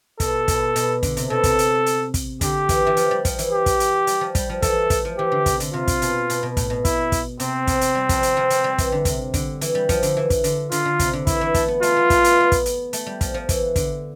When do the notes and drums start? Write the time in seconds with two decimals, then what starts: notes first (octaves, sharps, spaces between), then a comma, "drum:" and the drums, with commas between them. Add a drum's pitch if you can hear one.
0.20 B2 A4, drum: kick, hi-hat
0.48 B2, drum: kick, hi-hat
0.76 B2, drum: hi-hat
1.03 D3, drum: kick, hi-hat
1.17 C3, drum: hi-hat
1.30 B2 A4
1.44 C3, drum: kick, hi-hat
1.59 drum: hi-hat
1.86 drum: hi-hat
2.14 drum: kick, hi-hat
2.41 D3 G4, drum: kick, hi-hat
2.69 E3, drum: kick, hi-hat
2.87 E3
2.97 F3, drum: hi-hat
3.11 G3
3.25 F3, drum: kick, hi-hat
3.39 E3, drum: hi-hat
3.52 G4
3.66 drum: kick, hi-hat
3.80 drum: hi-hat
4.07 G3, drum: hi-hat
4.21 F3
4.35 G3, drum: kick, hi-hat
4.49 F3
4.62 E3 A4, drum: kick, hi-hat
4.90 A3, drum: kick, hi-hat
5.05 F3
5.18 E3 G4
5.32 D3
5.46 C3, drum: kick, hi-hat
5.60 D3, drum: hi-hat
5.73 C3 F4
5.88 drum: kick, hi-hat
6.02 B2, drum: hi-hat
6.30 B2, drum: hi-hat
6.43 B2
6.57 A2, drum: kick, hi-hat
6.70 B2
6.85 E4, drum: kick, hi-hat
7.12 drum: kick, hi-hat
7.40 C3 C4, drum: hi-hat
7.67 F3, drum: kick, hi-hat
7.81 drum: hi-hat
7.95 G3
8.09 F3, drum: kick, hi-hat
8.23 drum: hi-hat
8.37 F3
8.50 F3, drum: hi-hat
8.64 G3
8.78 E3, drum: kick, hi-hat
8.92 D3
9.05 C3, drum: kick, hi-hat
9.34 D3, drum: kick, hi-hat
9.61 E3, drum: hi-hat
9.75 G3
9.89 F3, drum: kick, hi-hat
10.03 D3, drum: hi-hat
10.17 E3
10.30 drum: kick, hi-hat
10.44 D3, drum: hi-hat
10.72 D3 F4, drum: hi-hat
10.85 D3
10.99 C3, drum: kick, hi-hat
11.13 D3
11.27 E3 E4, drum: kick, hi-hat
11.41 E3
11.54 A3, drum: kick, hi-hat
11.68 B3
11.83 A3 F4, drum: hi-hat
11.96 B3
12.10 A3, drum: kick, hi-hat
12.24 B3, drum: hi-hat
12.40 B3
12.52 drum: kick, hi-hat
12.66 drum: hi-hat
12.93 A3, drum: hi-hat
13.06 G3
13.21 F3, drum: kick, hi-hat
13.34 F3
13.49 E3, drum: kick, hi-hat
13.76 D3, drum: kick, hi-hat